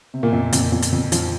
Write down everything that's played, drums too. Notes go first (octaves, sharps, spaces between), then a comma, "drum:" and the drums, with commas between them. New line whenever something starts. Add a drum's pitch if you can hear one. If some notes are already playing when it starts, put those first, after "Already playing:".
C3
A#2 A#3
F2
F2, drum: hi-hat
F2
drum: hi-hat
F2
F3, drum: hi-hat